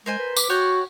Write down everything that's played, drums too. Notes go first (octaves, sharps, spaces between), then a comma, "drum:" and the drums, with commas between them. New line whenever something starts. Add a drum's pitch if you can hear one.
G#3 A#4 C5 G#5
B4
D6, drum: tambourine
F#4 C#5 F#5 G5